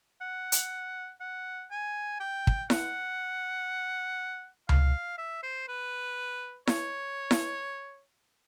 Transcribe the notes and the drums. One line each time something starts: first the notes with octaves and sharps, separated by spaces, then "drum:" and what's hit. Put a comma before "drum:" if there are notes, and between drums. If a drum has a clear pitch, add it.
F#5
drum: hi-hat
F#5
G#5
G5
drum: kick
F#5, drum: snare E4
F5, drum: tom C#2
E5
C5
B4
C#5, drum: snare E4
drum: snare E4